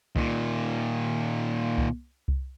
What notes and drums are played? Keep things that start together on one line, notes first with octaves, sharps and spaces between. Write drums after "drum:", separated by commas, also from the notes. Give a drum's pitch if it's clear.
A#2 D#3, drum: kick C2
drum: kick C2
drum: kick C2